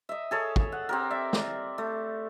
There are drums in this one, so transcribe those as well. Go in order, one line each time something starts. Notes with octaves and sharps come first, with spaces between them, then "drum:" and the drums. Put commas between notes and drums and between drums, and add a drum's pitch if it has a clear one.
D#5 E5
G#4 A4 C#5
drum: kick
F#5
C4 G4 A#4
D5 E5
drum: snare
A3